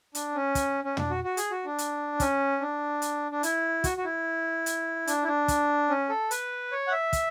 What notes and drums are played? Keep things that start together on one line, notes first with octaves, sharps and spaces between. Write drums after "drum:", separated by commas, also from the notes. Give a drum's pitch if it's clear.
D4, drum: hi-hat
C#4
drum: kick, hi-hat
C#4
D4, drum: tom
F#4
F#4
G#4, drum: hi-hat
F#4
D4
drum: hi-hat
C#4, drum: kick, hi-hat
D4
drum: hi-hat
D4
E4, drum: hi-hat
F#4, drum: kick, hi-hat
F#4
E4
drum: hi-hat
D4, drum: hi-hat
E4
D4
drum: kick, hi-hat
C#4
A4
B4, drum: hi-hat
C#5
F#5
E5
drum: kick, hi-hat